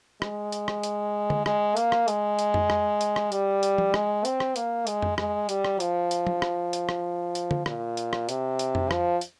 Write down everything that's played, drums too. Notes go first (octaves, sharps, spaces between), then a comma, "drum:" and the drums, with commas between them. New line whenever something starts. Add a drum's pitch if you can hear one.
G#3, drum: rim click
drum: hi-hat
drum: rim click
drum: hi-hat
drum: tom D3
G#3, drum: rim click
A#3, drum: hi-hat
drum: rim click
G#3, drum: hi-hat
drum: hi-hat
drum: tom F2
drum: rim click
drum: hi-hat
drum: rim click
G3, drum: hi-hat
drum: hi-hat
drum: tom F3
G#3, drum: rim click
C4, drum: hi-hat
drum: rim click
A#3, drum: hi-hat
G#3, drum: hi-hat
drum: tom F2
G#3, drum: rim click
G3, drum: hi-hat
drum: rim click
F3, drum: hi-hat
drum: hi-hat
drum: tom F3
drum: rim click
drum: hi-hat
drum: rim click
drum: hi-hat
drum: tom D3
A#2, drum: rim click
drum: hi-hat
drum: rim click
C3, drum: hi-hat
drum: hi-hat
drum: tom F2
F3, drum: rim click
drum: hi-hat